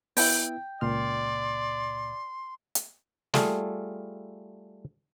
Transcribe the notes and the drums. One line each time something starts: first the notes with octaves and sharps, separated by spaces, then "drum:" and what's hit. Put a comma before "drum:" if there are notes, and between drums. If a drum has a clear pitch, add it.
B3 E4 G5, drum: open hi-hat
C#2 A#2 D5 C6 F6
drum: hi-hat
G3 A3 F4 G#4 A4 F5, drum: snare